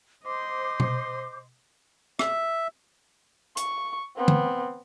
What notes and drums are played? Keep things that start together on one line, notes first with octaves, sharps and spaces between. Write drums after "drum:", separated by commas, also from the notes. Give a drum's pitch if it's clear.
C5 D#5 C6 D6
drum: tom
E5, drum: rim click
C#6, drum: hi-hat
B3 C4
drum: tom